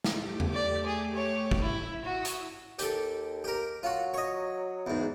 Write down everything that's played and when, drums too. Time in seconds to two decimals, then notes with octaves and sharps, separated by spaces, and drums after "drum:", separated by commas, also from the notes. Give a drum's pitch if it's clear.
0.04 drum: snare
0.14 A3 G4 D6
0.40 drum: tom E2
0.53 D5
0.86 G#4
1.15 C#5
1.51 drum: kick
1.61 E4 E5
2.04 E4 F#4 D#6 E6
2.25 drum: hi-hat
2.79 D#2 G4 A4, drum: hi-hat
3.44 G4 A#4
3.83 F#3 F4 F#4
4.14 C#5 D#5
4.87 E2 G#2